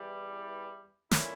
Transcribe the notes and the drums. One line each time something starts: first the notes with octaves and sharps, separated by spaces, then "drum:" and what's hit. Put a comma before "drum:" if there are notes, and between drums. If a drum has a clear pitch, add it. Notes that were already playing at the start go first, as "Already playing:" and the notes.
Already playing: E2 E3 G3
A#2 A3 C#4 E4, drum: snare